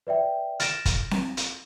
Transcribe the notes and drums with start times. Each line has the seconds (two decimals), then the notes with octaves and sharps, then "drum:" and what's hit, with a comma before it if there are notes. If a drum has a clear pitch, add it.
0.07 B4 D5 E5 G5
0.60 F6 A6 A#6 D7 E7, drum: hi-hat
0.85 drum: kick, hi-hat
1.11 drum: snare C4
1.37 drum: hi-hat